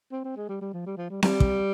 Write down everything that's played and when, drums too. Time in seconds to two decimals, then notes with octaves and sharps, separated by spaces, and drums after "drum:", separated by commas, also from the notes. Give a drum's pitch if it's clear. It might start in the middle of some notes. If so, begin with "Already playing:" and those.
0.12 C4
0.25 C4
0.36 G#3
0.49 G3
0.61 G3
0.73 F3
0.86 G3
0.97 F3
1.10 G3
1.23 G3, drum: snare C4
1.40 drum: kick